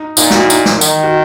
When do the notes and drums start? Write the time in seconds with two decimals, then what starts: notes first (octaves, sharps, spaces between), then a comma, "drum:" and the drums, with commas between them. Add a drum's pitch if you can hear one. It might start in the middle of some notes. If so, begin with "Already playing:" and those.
Already playing: D#4
0.17 A#2 D#4, drum: tambourine
0.30 F#4, drum: snare
0.40 E4
0.50 D#4, drum: tambourine
0.65 drum: snare
0.81 D#3, drum: tambourine
1.03 F#4